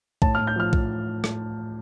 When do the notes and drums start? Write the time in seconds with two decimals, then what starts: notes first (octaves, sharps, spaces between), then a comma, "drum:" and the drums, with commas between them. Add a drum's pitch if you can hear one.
0.22 A2 A5, drum: kick B1
0.35 F6
0.39 A2
0.47 G6
0.56 F3 F6
0.73 F3, drum: kick B1
1.24 drum: rim click